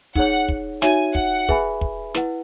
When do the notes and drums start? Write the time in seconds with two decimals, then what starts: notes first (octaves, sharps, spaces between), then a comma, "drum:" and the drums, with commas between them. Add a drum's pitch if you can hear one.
0.15 D#4 G#4 C#5 F#5, drum: kick
0.49 drum: kick
0.82 D#4 F#4 C#5 E5 G#5, drum: snare
1.15 F#5, drum: kick
1.49 G#4 B4 E5 G#5 B5, drum: kick
1.81 drum: kick
2.14 E4 B4 F#5, drum: snare